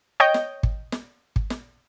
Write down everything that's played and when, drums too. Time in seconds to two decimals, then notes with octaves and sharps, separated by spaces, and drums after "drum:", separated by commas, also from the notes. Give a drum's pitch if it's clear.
0.20 C#5 D#5 G5 G6
0.34 drum: snare
0.63 drum: kick
0.92 drum: snare
1.36 drum: kick
1.50 drum: snare